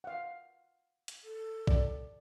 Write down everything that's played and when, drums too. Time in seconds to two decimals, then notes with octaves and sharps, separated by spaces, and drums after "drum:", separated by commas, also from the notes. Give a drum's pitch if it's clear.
0.04 F5 F#5
1.08 drum: hi-hat
1.24 A4
1.67 D5, drum: kick